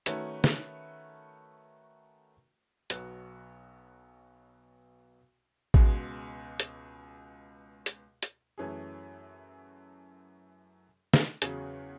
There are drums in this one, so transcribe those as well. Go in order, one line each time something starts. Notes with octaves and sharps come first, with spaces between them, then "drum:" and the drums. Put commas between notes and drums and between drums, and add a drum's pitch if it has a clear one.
D#3 A3 C#4 F#4 B4, drum: hi-hat
drum: snare
B1 B2 F#3 B3 F#4, drum: hi-hat
C#2 B2 G#3, drum: kick A1
drum: hi-hat
drum: hi-hat
drum: hi-hat
F#2 E3 A3 C#4 G#4
drum: snare
E2 C#3 F#3 C#4 G#4, drum: hi-hat